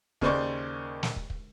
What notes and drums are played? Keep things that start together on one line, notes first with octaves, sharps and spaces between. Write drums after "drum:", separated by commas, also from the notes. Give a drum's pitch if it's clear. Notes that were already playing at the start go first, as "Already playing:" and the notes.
D#2 C#3 A#3 C5 D5 C#6, drum: kick
drum: snare
drum: kick
drum: kick